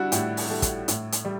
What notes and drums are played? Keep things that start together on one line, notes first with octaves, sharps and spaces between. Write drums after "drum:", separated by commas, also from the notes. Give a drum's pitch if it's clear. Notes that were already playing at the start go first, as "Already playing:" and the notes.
Already playing: G3 D4 E4 F#4
A2 G4, drum: hi-hat
drum: open hi-hat
G3 A4
drum: kick, hi-hat
A2, drum: hi-hat
drum: hi-hat
G3